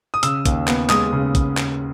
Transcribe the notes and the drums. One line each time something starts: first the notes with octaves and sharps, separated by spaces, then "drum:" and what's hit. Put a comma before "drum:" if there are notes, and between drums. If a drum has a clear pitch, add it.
D#6
C#3 E6, drum: hi-hat
D#2, drum: kick, hi-hat
B3, drum: clap
G#3 D#6, drum: clap
C#3
drum: kick, hi-hat
drum: clap